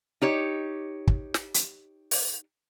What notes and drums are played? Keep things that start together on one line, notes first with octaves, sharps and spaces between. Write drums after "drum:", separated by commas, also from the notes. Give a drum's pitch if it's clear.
D#4 G4 C#5
drum: kick
drum: snare
drum: hi-hat
drum: open hi-hat